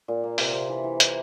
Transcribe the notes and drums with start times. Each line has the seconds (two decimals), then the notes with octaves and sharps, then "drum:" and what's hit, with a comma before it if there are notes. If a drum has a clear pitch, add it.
0.08 A#2
0.24 A#3
0.38 C3, drum: open hi-hat
0.53 C3
0.69 E3
0.84 E3
1.00 E3, drum: hi-hat